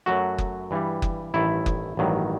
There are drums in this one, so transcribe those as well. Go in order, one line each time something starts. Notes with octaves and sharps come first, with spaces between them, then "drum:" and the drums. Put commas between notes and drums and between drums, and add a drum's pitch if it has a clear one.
F#2 F#3 A3 F#4
drum: kick F#1
G2 E3 G3
drum: kick F#1
A1 G2 D#3 A3 E4
drum: kick F#1
A1 G2 D#3 F#3